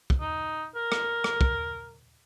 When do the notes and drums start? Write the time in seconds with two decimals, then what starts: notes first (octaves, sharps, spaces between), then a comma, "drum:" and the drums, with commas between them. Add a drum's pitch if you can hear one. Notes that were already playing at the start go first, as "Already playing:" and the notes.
0.10 drum: kick
0.21 D#4
0.75 A#4
0.92 drum: rim click
1.24 drum: rim click
1.41 drum: kick